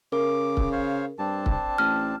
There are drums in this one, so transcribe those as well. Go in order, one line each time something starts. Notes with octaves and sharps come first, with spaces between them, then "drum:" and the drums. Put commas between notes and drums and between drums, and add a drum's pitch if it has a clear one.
C#3 A#4 D6
drum: kick C#1
C5 C#5 F5
G2 C4 D4 A5
drum: kick C#1
A1 F6